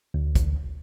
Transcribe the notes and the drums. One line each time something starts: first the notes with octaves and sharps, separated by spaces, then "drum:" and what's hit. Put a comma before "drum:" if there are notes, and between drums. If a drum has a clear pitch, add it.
D2
drum: kick, hi-hat